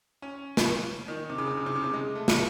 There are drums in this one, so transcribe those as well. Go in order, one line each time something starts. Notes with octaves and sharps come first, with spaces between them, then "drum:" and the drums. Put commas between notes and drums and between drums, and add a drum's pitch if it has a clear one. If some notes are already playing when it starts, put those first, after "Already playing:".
C#4
drum: snare
D#3
C3
C#3
C3
C#3
C3
C#3
C3
G#3
A3
drum: snare